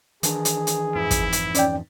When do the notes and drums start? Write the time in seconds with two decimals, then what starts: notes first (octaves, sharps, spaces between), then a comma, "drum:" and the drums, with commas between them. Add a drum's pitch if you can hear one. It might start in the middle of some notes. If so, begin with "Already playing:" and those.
0.23 D#3 E3 D4 G#4, drum: hi-hat
0.45 drum: hi-hat
0.67 drum: hi-hat
0.96 F2 G#2 E3 E4
1.11 drum: kick, hi-hat
1.32 drum: hi-hat
1.55 C#4 D5 G5, drum: hi-hat